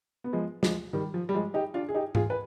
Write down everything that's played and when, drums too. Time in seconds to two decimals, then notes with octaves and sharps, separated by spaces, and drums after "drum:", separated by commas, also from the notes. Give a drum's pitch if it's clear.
0.24 B3
0.33 F3 G#3
0.63 F3 G#3, drum: snare
0.93 D#3 G3
1.14 F3
1.29 G3
1.34 F3 G#3
1.54 D#4 G4
1.74 D4 F4
1.89 G#4
1.94 D#4 G4
2.15 F4 G#4, drum: tom G#2
2.30 B4